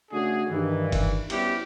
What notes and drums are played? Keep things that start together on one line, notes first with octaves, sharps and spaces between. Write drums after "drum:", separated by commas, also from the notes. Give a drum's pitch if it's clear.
C#3 A3 D4 F#4 G#4
G2 D#3 E3
drum: kick F#1, cymbal
G3 B3 C#4 E4 F#4 G4, drum: cymbal